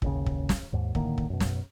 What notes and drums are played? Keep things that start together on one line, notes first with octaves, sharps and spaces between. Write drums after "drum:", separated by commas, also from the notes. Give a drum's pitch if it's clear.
A1 D#2 C#3, drum: kick
drum: kick
drum: snare
D#2 G#2
A2 D3 D#3 A#3, drum: kick
drum: kick
F#2 B2
drum: snare